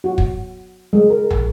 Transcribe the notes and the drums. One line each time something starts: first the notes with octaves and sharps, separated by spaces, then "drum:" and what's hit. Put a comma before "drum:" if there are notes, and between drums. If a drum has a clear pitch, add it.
F#4
drum: kick
G#3
A#4
drum: tom